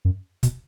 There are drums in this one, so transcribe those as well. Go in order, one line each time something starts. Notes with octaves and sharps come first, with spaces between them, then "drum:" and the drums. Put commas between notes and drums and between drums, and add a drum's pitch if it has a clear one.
F#2
B2, drum: kick, hi-hat